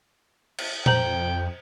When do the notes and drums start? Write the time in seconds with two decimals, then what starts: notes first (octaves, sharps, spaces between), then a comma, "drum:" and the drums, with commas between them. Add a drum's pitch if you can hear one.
0.58 drum: cymbal
0.86 F2 C5 G5 A#5 F#7, drum: tom A#2